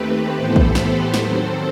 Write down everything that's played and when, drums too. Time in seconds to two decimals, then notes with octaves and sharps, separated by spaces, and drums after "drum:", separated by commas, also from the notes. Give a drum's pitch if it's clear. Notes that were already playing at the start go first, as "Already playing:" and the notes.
Already playing: D#2 D#3 A3 C4 G4 B4
0.36 A2 E3 B3 A4 C5
0.56 drum: kick A#1
0.75 G4 B4, drum: snare
1.14 D#2 D#3 F#3 C4 A4 C5, drum: snare